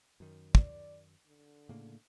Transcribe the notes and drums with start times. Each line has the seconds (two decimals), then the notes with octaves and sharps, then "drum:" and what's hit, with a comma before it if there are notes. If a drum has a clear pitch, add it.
0.20 F#2 D#3
0.55 D5, drum: kick
1.26 D3
1.69 A2 C#3 A#3